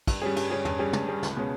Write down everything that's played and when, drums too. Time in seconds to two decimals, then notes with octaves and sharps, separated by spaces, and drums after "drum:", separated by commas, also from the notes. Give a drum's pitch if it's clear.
0.07 G2, drum: kick, cymbal
0.22 G3 C#4 G#4
0.36 G2, drum: cymbal
0.50 G3 C#4 G#4
0.65 G2, drum: tom
0.79 G3 C#4 G#4
0.93 G2, drum: tom
1.08 G3 C#4 G#4
1.23 C#2, drum: snare
1.37 B2 G#3 C#4